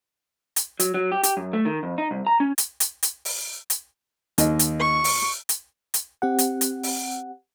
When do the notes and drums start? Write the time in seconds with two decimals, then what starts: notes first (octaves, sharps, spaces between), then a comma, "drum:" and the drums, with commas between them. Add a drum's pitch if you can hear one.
0.56 drum: hi-hat
0.80 F#3, drum: hi-hat
0.94 F#3
1.12 G4
1.23 G4, drum: hi-hat
1.37 F#2
1.53 A3
1.65 D#3
1.83 F2
1.98 D#4
2.11 C2
2.27 A#5
2.40 C#4
2.58 drum: hi-hat
2.80 drum: hi-hat
3.03 drum: hi-hat
3.25 drum: open hi-hat
3.70 drum: hi-hat
4.38 D#2 D#5, drum: hi-hat
4.59 drum: hi-hat
4.80 C#6
5.04 drum: open hi-hat
5.49 drum: hi-hat
5.94 drum: hi-hat
6.22 C4 G4 F#5
6.39 drum: hi-hat
6.61 drum: hi-hat
6.83 drum: open hi-hat